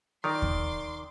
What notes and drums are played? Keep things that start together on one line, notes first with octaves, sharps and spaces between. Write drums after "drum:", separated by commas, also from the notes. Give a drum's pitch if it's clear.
D#3 A#4 D5 C6 D6
drum: kick D#2